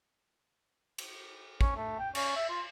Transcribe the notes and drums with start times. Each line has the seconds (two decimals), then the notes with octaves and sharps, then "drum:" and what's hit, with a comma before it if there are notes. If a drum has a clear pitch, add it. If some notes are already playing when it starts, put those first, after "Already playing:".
0.98 drum: cymbal
1.61 C#4, drum: kick
1.76 A3
1.99 G5
2.15 C#4, drum: cymbal
2.36 E5
2.49 F4